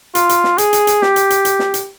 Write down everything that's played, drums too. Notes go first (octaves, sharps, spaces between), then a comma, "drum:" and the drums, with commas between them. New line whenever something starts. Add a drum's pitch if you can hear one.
F4, drum: hi-hat
drum: hi-hat
drum: snare
G#4, drum: hi-hat
drum: hi-hat
drum: hi-hat
G4, drum: snare
drum: hi-hat
drum: hi-hat
drum: hi-hat
drum: snare
drum: hi-hat